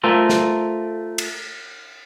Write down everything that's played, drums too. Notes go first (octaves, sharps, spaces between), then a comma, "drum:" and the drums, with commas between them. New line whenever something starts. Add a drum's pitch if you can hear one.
A3 F4 A4 A#4 C5
drum: snare
drum: cymbal